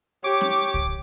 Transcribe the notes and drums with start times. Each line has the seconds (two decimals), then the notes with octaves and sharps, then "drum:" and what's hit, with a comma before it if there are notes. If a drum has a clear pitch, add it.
0.24 G4 C#5 D6
0.41 drum: snare C#4
0.74 drum: kick C2